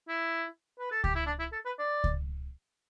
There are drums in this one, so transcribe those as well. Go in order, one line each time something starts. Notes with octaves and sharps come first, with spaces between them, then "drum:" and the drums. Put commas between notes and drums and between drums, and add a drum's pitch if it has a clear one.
E4
B4
A4
G4, drum: kick C#2
E4
D4
E4
A4
B4
D5
drum: kick C#2